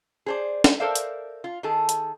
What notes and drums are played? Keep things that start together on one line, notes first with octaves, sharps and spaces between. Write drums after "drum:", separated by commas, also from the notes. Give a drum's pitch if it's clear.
G#4 C5 D5
drum: snare
A4 A#4 C5 D5 E5 F5
drum: hi-hat
F4
D#3 G#4 A4
drum: hi-hat